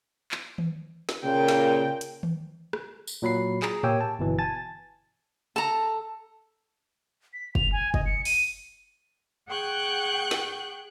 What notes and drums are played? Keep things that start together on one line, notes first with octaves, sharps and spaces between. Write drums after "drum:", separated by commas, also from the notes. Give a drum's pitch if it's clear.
drum: clap
drum: tom D#3
drum: snare
A#2 C#3 A#4 G5
drum: snare
drum: hi-hat
drum: tom D#3
drum: rim click
drum: tambourine
A#2 F#3 B5 C7
G#4 A#5, drum: clap
A#3 G4 C#5 G5 G#5 E6, drum: tom A2
A5
G1 B2 E3
G#5 A5 A6
A4 A5 A#5
B6
F7, drum: kick
G#5
D#5, drum: kick
C#7
D#7, drum: open hi-hat
G#4 F#5 G5 C#6 F#6 G6
drum: snare